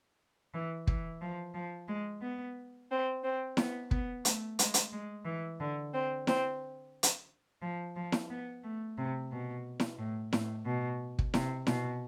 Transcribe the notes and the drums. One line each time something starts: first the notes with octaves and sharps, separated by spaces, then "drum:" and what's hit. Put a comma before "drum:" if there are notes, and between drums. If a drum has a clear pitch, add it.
E3
E3, drum: kick
F3
F3
G#3
B3
C4
C4
B3, drum: snare E4
B3, drum: kick
A3, drum: hi-hat
G#3, drum: hi-hat
drum: hi-hat
G#3
E3
D3
C4
C4, drum: snare E4
drum: hi-hat
F3
F3
drum: snare E4
B3
A3
C3
B2
drum: snare E4
A2
A2, drum: snare E4
B2
drum: kick
C3, drum: snare E4
B2, drum: snare E4